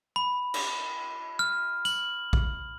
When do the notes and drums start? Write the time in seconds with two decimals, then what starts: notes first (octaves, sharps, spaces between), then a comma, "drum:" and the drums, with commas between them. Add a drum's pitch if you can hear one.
0.16 B5
0.54 drum: cymbal
1.39 F6
1.85 F#7, drum: tambourine
2.33 drum: kick A#1